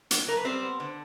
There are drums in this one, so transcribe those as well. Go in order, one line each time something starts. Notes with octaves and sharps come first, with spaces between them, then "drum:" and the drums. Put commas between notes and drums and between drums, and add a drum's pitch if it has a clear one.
F#3, drum: hi-hat
F#3 A#4
B4
G3 C4 C5
B3
D3